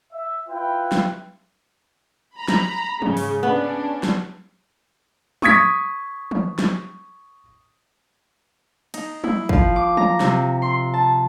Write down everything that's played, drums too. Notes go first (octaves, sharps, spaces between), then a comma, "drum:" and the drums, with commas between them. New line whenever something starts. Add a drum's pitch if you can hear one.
E5
E4 F4 B4 G5
drum: snare
A#5 B5
drum: snare
G#2 C#3, drum: tom
drum: open hi-hat
B3 C#4 D4
drum: snare
C#6 D#6 G#6 B6, drum: tom
drum: tom
drum: snare
D#4, drum: cymbal
E4, drum: tom
F3, drum: kick
D6
A#5, drum: tom
C3, drum: snare
C6
A5